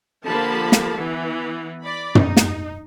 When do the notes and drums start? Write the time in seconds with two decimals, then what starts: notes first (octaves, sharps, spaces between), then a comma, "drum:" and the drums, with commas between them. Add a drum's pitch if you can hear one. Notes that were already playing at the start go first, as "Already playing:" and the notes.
0.25 D3 F3 A#3 G4 A5 B5
0.72 drum: snare
0.96 E3 B3
1.83 D5 B5
2.15 D#4, drum: tom
2.37 drum: snare